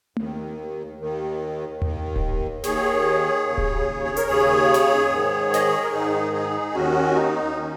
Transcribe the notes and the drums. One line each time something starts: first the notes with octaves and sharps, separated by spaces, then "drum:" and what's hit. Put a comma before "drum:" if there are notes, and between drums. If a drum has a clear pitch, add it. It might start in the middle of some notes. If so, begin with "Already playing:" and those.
D#2 D#3, drum: tom A3
D#2 D#3
D#2 D#3, drum: tom D#2
drum: kick D1
D#2 D#3 G#4 C#5, drum: snare
D#2 C#3
drum: kick D1
G#4
A#4, drum: hi-hat
D#2 C#3 G#4 C#5
drum: snare
G#2 D#3
D#5, drum: snare
C#5
A#4
G#2 D#3 D#4 G#4
D#4 G#4
D#2 D#3 C#4 F#4
D#4
D#3 C#4